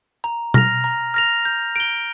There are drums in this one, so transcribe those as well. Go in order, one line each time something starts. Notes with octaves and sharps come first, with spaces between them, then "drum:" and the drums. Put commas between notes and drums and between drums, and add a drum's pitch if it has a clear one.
A#5
F6 A#6 F7, drum: tom B2
A#5
F6 A#6 F7
G6
D7 G7